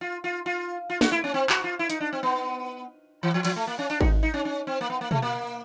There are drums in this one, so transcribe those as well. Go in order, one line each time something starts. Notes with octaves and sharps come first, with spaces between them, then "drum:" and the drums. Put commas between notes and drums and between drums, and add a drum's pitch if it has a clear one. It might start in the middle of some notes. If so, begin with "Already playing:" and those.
F4
F4
F4
F4
F#4, drum: snare
E4
C#4
C4
F#4, drum: clap
F4
E4
D#4, drum: hi-hat
D4
C4
B3
E3
F3
F3, drum: cymbal
A3
A#3
C#4
D4, drum: tambourine
D#4, drum: kick G#1
D#4
C#4
C#4
C4
A#3
B3
A#3
A3, drum: tom B2
A#3